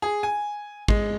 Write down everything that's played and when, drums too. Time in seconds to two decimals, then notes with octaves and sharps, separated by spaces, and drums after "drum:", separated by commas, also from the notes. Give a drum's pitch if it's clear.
0.02 G#4
0.23 G#5
0.88 G#3, drum: kick